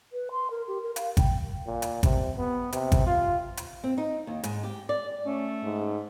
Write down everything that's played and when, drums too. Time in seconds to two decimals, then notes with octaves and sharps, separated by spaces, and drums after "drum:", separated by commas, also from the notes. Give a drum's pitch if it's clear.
0.13 B4
0.31 C6
0.51 A#4
0.68 G4
0.83 A#4
0.96 F5, drum: hi-hat
1.17 G5, drum: kick, hi-hat
1.66 A#2
1.82 drum: hi-hat
2.03 C3, drum: kick, hi-hat
2.38 B3
2.73 C3, drum: hi-hat
2.92 drum: kick, hi-hat
3.06 F4
3.57 drum: hi-hat
3.84 C4
3.98 D#4
4.27 D#2
4.44 G#2, drum: hi-hat
4.64 G4
4.89 D5
5.26 A3 C#4
5.63 G#2